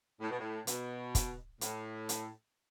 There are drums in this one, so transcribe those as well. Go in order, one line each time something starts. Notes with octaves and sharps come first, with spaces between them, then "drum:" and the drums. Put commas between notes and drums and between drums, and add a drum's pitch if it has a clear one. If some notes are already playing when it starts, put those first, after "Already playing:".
A2
B2
A2
B2, drum: hi-hat
drum: kick, hi-hat
A2, drum: hi-hat
drum: hi-hat